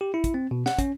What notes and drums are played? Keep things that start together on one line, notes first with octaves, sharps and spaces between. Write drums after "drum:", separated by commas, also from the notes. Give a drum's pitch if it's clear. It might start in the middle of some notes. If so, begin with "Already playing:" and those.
G4
E4
drum: kick, hi-hat
C4
B2
F#5, drum: snare
C#4, drum: kick, hi-hat